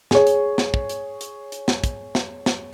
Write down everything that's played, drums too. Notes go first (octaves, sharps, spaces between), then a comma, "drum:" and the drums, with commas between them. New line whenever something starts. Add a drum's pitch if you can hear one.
G#4 C#5, drum: snare
drum: hi-hat
drum: snare
drum: kick
drum: hi-hat
drum: hi-hat
drum: hi-hat
drum: snare
drum: kick, hi-hat
drum: snare
drum: snare